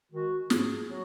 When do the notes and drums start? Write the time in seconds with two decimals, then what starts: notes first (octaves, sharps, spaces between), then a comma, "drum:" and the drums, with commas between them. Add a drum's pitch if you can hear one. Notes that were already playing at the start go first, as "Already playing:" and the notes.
0.12 D#3 G#3 F#4
0.50 G#2 G#4, drum: snare
0.89 F#3 F#4